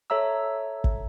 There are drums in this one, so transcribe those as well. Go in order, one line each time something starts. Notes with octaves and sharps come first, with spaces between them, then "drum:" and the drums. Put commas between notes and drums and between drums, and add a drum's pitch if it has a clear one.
A4 C#5 E5 A#5 E6
drum: kick